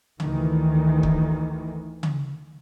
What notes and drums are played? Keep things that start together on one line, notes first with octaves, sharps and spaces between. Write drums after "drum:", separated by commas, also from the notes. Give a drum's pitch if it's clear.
D2 D#3 E3, drum: tom C#3
drum: kick
drum: tom C#3